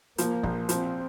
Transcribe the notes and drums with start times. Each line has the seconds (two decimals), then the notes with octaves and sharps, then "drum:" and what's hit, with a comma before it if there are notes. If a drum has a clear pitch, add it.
0.18 F3 A#3, drum: hi-hat
0.43 A#1, drum: kick
0.69 F3 C4, drum: hi-hat